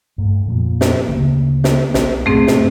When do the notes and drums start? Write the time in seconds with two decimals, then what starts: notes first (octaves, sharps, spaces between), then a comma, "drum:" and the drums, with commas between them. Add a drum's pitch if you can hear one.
0.18 G2 A3
0.47 F2 A#2 F3
0.81 drum: snare
1.09 D2 C#3 A#3
1.64 drum: snare
1.94 B1, drum: snare
2.26 F#2 A2 C3 A3 C4 G#4
2.47 drum: snare